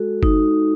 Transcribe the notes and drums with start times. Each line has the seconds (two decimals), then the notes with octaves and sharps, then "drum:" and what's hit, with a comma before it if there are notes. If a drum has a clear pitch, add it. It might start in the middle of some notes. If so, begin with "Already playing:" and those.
Already playing: G#3 F#4 A4
0.23 D#4, drum: kick F#1